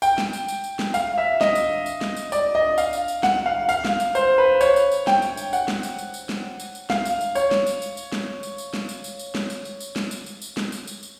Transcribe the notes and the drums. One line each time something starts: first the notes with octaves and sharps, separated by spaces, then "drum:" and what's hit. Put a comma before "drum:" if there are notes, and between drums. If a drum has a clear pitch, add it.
G5, drum: tambourine
drum: snare
drum: tambourine
drum: tambourine
drum: tambourine
drum: snare
F5, drum: tambourine
E5
D#5, drum: snare
drum: tambourine
drum: tambourine
drum: snare
drum: tambourine
D5, drum: tambourine
D#5
F5, drum: tambourine
drum: tambourine
drum: tambourine
F#5, drum: snare
F5
F5, drum: tambourine
drum: snare
drum: tambourine
C5, drum: tambourine
B4
C#5, drum: tambourine
drum: tambourine
drum: tambourine
G5, drum: snare
drum: tambourine
drum: tambourine
F#5, drum: tambourine
drum: snare
drum: tambourine
drum: tambourine
drum: tambourine
drum: snare
drum: tambourine
drum: tambourine
F5, drum: snare
drum: tambourine
drum: tambourine
C#5, drum: tambourine
drum: snare
drum: tambourine
drum: tambourine
drum: tambourine
drum: snare
drum: tambourine
drum: tambourine
drum: snare
drum: tambourine
drum: tambourine
drum: tambourine
drum: snare
drum: tambourine
drum: tambourine
drum: tambourine
drum: snare
drum: tambourine
drum: tambourine
drum: tambourine
drum: snare
drum: tambourine
drum: tambourine
drum: tambourine